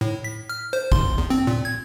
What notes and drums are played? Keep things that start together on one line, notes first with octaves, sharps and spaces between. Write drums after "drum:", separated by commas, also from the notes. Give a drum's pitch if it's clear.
A2
B6
F6
C5
C6, drum: kick
E2
C4
A#2
G#6